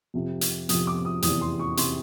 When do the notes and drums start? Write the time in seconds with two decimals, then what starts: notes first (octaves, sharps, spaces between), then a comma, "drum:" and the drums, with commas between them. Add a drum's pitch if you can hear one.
0.14 F2 C3 F3
0.41 drum: hi-hat
0.69 F2 C3 F3 D#6, drum: hi-hat
0.87 D6
1.05 D#6
1.22 F1 E2 C3 D#6, drum: hi-hat
1.41 C6
1.59 C#6
1.77 C3 C6, drum: hi-hat